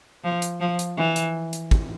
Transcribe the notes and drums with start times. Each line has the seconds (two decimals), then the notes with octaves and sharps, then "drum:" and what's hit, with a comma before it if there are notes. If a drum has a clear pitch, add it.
0.24 F3
0.42 drum: hi-hat
0.60 F3
0.79 drum: hi-hat
0.97 E3
1.16 drum: hi-hat
1.53 drum: hi-hat
1.71 drum: kick